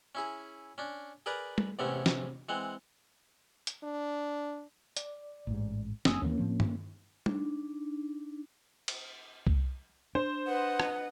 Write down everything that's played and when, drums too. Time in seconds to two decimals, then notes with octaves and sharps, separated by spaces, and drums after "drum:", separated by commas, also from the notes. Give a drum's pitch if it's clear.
0.15 C#4 E4 G#4
0.78 C#4 D4
1.26 G#4 A#4 B4 D5 A#5
1.58 drum: tom G3
1.79 A1 E2 C3 A3 B3 C#4
2.06 drum: snare
2.49 E3 G#3 C4 F#5
3.67 drum: hi-hat
3.84 D4
4.97 D5, drum: hi-hat
5.47 A1 G#2
6.05 F#1 C#3 A#3 G#5 D#6 E6, drum: snare
6.22 D#2 E3 A#3 C#4
6.38 A2 F3 C4
6.60 drum: tom G2
7.26 D4 D#4, drum: tom G3
8.88 drum: cymbal
9.47 drum: kick C2
10.15 D4 C5
10.47 B4 D#5 F#5
10.80 drum: rim click